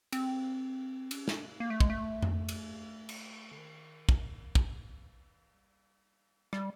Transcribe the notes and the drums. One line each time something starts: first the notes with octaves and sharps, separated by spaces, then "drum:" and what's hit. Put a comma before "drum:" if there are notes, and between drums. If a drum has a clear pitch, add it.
C4, drum: cymbal
C#4, drum: cymbal
D4, drum: snare
A#3
A3
G#3, drum: kick
A3
drum: tom F2
drum: cymbal
drum: cymbal
D3
D#3
drum: kick
E3, drum: kick
G3
G3, drum: rim click